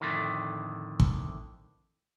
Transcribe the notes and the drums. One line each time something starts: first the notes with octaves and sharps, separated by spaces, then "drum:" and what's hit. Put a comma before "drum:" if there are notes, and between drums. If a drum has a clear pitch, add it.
F2 A2 D3 D#3
drum: kick